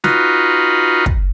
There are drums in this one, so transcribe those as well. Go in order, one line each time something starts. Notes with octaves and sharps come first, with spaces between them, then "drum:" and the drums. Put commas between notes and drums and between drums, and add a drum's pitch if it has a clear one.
D#4 F4 F#4 B4, drum: snare
drum: kick